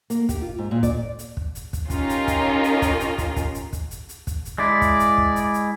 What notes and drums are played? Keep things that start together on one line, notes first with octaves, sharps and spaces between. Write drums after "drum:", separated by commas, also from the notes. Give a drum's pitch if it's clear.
A#3, drum: hi-hat
G4, drum: kick, hi-hat
F4
G#2
A#2
D5, drum: kick, hi-hat
D5
drum: hi-hat
drum: kick
drum: hi-hat
drum: kick, hi-hat
C#4 D#4 F4 G4 A#4 D#5, drum: kick, hi-hat
drum: hi-hat
drum: kick, hi-hat
drum: hi-hat
drum: kick, hi-hat
drum: hi-hat
drum: kick, hi-hat
drum: kick, hi-hat
drum: hi-hat
drum: kick, hi-hat
drum: hi-hat
drum: hi-hat
drum: kick, hi-hat
drum: hi-hat
G#3 E4 D5
drum: kick, hi-hat
drum: hi-hat
drum: kick
drum: hi-hat
drum: hi-hat